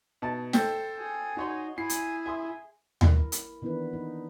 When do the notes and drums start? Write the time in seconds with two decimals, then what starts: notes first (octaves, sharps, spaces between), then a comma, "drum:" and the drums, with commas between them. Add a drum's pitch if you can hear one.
0.22 B2 D#4 A5
0.53 A4 C5 G5, drum: snare
0.99 G#4
1.37 D#4 F#4 C#5 C6
1.78 E4 G#4 C7
1.90 drum: hi-hat
2.26 E5 C6 D#6
3.01 E4 A#4, drum: tom D#2
3.32 drum: hi-hat
3.62 D#3 E3 B3 D4 E4 B4
3.93 D#4